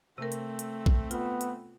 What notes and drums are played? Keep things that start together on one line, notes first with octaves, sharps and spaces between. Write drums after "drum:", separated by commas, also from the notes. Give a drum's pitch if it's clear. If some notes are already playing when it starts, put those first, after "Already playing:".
C3 A3 C4 A#4
drum: hi-hat
drum: hi-hat
drum: kick A#1
B3 F4, drum: hi-hat
drum: hi-hat